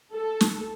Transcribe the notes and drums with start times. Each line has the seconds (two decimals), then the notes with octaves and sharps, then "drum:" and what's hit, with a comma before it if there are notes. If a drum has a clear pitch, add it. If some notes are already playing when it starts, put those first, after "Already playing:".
0.15 A4
0.41 drum: snare